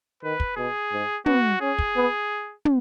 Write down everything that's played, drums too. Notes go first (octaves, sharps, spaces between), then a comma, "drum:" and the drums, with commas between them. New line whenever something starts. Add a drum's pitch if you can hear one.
D#3 B4
drum: kick
B2 G#4
G#2
B3 F#4, drum: tom
C#4 G#4
drum: kick
B3
drum: tom